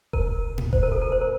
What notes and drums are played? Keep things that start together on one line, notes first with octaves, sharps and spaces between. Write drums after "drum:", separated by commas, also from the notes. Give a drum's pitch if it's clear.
A#4, drum: kick E1
drum: tom A2
C5, drum: kick E1
A#4
A4
A#4
C5
A#4